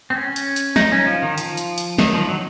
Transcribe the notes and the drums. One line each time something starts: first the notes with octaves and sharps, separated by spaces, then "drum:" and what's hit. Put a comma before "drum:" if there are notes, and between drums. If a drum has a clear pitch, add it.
C4
C#4
drum: hi-hat
drum: hi-hat
D#4, drum: snare
C#4
F3
D#3
F3, drum: hi-hat
drum: hi-hat
drum: hi-hat
D#3, drum: snare
F3
F#3